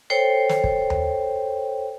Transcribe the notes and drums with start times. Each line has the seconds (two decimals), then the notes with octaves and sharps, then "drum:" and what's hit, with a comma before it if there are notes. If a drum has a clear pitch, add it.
0.10 A4 C5 C#5 G5
0.49 drum: snare
0.64 drum: kick
0.90 drum: tom D#2